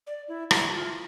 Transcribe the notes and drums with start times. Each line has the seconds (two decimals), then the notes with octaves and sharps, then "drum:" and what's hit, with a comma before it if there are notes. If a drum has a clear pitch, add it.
0.07 D5
0.28 E4
0.51 E4, drum: rim click
0.73 F4